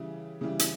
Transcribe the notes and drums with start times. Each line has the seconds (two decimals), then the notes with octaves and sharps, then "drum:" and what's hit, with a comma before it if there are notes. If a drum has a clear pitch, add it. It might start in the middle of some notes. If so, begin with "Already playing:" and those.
Already playing: C#3 E3 G3
0.41 C#3 E3 G3
0.59 drum: hi-hat